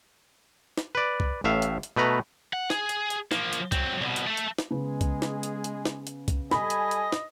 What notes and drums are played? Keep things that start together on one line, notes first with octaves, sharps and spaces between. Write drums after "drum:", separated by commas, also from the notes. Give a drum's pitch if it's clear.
drum: snare
B4 D5
drum: kick
A1 A2 E5 F5
drum: hi-hat
drum: hi-hat
B2 A3 B4 A#5
F#5
G#4, drum: snare
drum: hi-hat
drum: hi-hat
F3 A#3, drum: snare
drum: hi-hat
F#3 C4, drum: kick, hi-hat
C2 B2
drum: hi-hat
A3 A4
drum: hi-hat
drum: snare
C#3 G#3 B3 G#4
drum: kick, hi-hat
drum: snare
drum: hi-hat
drum: hi-hat
drum: snare
drum: hi-hat
drum: kick, hi-hat
G3 A4 D#5 G#5 B5, drum: snare
drum: hi-hat
drum: hi-hat
drum: snare